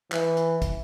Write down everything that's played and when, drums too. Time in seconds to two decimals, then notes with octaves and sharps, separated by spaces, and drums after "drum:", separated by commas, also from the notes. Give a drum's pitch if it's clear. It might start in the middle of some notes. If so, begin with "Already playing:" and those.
0.12 E3, drum: clap
0.37 drum: hi-hat
0.62 drum: kick, hi-hat